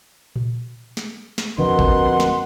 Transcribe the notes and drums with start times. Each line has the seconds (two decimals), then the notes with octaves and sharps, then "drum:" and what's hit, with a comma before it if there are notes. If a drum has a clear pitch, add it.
0.36 drum: tom A#2
0.97 drum: snare
1.38 drum: snare
1.58 F2 B2 D3 A#4 F#5 C6
1.79 drum: kick G#1
2.20 drum: snare